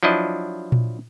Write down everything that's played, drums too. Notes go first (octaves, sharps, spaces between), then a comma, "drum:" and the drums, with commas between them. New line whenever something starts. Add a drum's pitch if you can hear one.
F3 F#3 D4 E4 D#5
drum: tom A#2